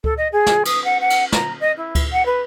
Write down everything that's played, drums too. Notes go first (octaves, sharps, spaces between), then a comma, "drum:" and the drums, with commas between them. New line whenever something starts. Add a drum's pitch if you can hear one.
A4, drum: kick C#2
D#5
G#4
drum: snare
D#6, drum: cymbal
F#5
F#5
drum: cymbal
A#5, drum: snare
D#5
E4
drum: kick C#2, cymbal
F#5
B4